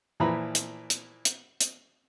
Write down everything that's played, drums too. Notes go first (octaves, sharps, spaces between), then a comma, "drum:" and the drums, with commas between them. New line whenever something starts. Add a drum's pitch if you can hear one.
A#2 E3 F3 A#5 B5
drum: hi-hat
drum: hi-hat
drum: hi-hat
drum: hi-hat